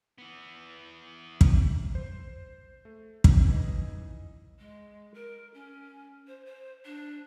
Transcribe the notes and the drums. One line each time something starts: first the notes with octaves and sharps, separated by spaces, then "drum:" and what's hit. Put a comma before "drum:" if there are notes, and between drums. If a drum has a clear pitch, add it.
E3 B3
drum: kick
C5
A3
drum: kick
C#3 E3 D#4
G#3
A#4
C#4
C5
C5
D4